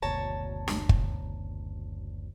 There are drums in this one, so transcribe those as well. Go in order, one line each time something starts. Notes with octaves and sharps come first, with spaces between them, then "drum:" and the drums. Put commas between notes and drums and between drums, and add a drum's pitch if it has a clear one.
F#1 D2 B2 C#5 A5 A#5
drum: snare
drum: kick